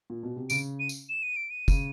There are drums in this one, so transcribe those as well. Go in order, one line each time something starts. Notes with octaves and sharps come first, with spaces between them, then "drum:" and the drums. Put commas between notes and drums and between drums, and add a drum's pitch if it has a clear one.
A#2
B2
C3
C#3 D7, drum: tambourine
D#7
drum: tambourine
E7
D#7
D7
D#7
C#3, drum: kick, tambourine